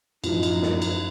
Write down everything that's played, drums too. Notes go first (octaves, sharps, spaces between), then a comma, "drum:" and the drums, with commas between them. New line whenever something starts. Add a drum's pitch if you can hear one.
F#2 A2 F3 D#4, drum: cymbal
drum: cymbal
drum: snare
drum: cymbal